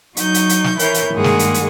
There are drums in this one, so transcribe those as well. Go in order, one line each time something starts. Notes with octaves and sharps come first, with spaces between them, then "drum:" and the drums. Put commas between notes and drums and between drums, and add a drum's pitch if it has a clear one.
F#3 D#4 C#6 G6, drum: hi-hat
drum: hi-hat
drum: hi-hat
drum: snare
E3 E4 A#4 C#5 G6, drum: hi-hat
drum: hi-hat
G2 D#3 G#3 A#3 G#4 F#5
drum: snare
drum: hi-hat
drum: hi-hat